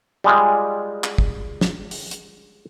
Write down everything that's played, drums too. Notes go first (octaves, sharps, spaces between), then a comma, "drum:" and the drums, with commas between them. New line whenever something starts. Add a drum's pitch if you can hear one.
G3 G#3 F4
drum: clap
drum: kick
drum: snare
drum: open hi-hat
drum: hi-hat